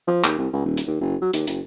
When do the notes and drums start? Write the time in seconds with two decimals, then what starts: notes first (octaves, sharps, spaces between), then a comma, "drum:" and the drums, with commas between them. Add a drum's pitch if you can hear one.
0.08 F3
0.24 D#2, drum: clap
0.38 C2
0.53 C#2
0.65 D#1
0.77 drum: hi-hat
0.87 D#2
1.01 F#1
1.22 F#3
1.33 D#2, drum: hi-hat
1.47 F#1, drum: hi-hat